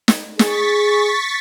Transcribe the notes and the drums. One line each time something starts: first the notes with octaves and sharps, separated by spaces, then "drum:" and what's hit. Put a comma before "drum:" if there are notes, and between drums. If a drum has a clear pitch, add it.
drum: snare
G#4 C#6 A6 B6, drum: snare